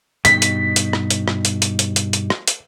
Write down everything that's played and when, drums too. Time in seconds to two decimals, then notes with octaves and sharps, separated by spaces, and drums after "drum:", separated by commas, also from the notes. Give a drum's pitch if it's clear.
0.25 G2 B2 D#4 B6, drum: hi-hat
0.42 drum: hi-hat
0.76 drum: hi-hat
0.93 drum: rim click
1.10 drum: hi-hat
1.28 drum: rim click
1.45 drum: hi-hat
1.62 drum: hi-hat
1.79 drum: hi-hat
1.96 drum: hi-hat
2.13 drum: hi-hat
2.30 drum: rim click
2.48 drum: hi-hat